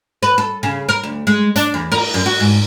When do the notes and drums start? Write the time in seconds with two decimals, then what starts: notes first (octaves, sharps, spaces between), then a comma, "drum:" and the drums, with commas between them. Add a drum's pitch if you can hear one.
0.23 B4
0.38 A4
0.63 C#3
0.89 A#4
1.03 D2
1.27 G#3
1.56 D4, drum: hi-hat
1.74 E2
1.92 A#4, drum: cymbal
2.14 F#2
2.26 F#4
2.40 G#2